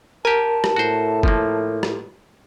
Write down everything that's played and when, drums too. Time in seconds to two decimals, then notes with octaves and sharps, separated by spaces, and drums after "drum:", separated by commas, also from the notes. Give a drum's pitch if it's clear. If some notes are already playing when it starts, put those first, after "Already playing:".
0.25 G4 A#4 G#5 A5
0.64 drum: rim click
0.76 A2 F#4 C5
1.23 F3 A#3, drum: kick F#1
1.83 drum: rim click